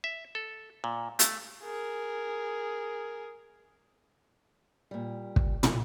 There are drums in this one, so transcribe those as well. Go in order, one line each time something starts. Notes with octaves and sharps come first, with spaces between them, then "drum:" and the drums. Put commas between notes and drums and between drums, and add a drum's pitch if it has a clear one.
E5
A4
A#2
A3, drum: hi-hat
G#4 A#4
A#2 G3
drum: kick
drum: tom